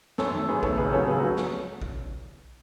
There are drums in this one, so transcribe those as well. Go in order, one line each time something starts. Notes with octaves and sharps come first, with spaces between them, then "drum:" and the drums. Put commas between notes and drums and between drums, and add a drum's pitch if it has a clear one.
F#2 A4 C#5, drum: snare
D#3 A3
F#2 G#4 B4
D#3 A3 A4 C#5, drum: kick
C#2 G#4 B4
C#3 F#3 C#4 A4 C#5
C#2 G#4 B4
F#4 A4
F#3 C#4
drum: snare
drum: kick